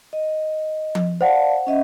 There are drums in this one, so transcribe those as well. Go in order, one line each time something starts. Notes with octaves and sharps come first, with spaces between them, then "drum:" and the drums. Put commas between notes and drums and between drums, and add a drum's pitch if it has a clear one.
D#5
drum: tom F3
C5 D5 F5 F#5 A5
C#4 D#5 E5